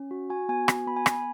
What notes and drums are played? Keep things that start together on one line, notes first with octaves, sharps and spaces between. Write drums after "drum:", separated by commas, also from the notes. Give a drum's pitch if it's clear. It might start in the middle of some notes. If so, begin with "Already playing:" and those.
Already playing: C#4
F#4
F#4 G#5
B3 G#5
F#4 G#5, drum: rim click
B3 B5
G#5
B3 B5, drum: rim click